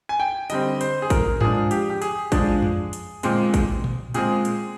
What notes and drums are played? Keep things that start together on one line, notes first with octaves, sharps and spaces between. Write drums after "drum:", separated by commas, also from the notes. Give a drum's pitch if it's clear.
G#5
G5
D3 G3 C4 D#5, drum: hi-hat
C5, drum: hi-hat
G#4
A#4, drum: kick, hi-hat
F3 G#3 D4 G#4, drum: tom G2
G4, drum: hi-hat
G4
G#4, drum: hi-hat
F3 G#3 D4, drum: kick, hi-hat
drum: tom F2
drum: hi-hat
A#2 G#3 C4, drum: hi-hat
drum: kick, hi-hat
drum: tom A#2
A#2 G#3 C4 G#4, drum: hi-hat
drum: hi-hat